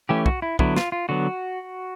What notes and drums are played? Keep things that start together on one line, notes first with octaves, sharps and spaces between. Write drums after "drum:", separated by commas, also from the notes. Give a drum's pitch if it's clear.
E3 A3 C#4 G4
F#4, drum: kick
E4
D3 F#3 B3 E4, drum: kick
F4, drum: snare
F4
D3 F#3 B3 F#4